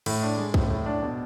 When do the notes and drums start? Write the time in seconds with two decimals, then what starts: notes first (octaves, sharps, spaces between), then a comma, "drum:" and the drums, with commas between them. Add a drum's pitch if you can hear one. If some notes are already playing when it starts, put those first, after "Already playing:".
0.06 A2, drum: cymbal
0.23 D4
0.38 G#3
0.54 A2, drum: kick
0.70 A2
0.86 D4
1.02 B2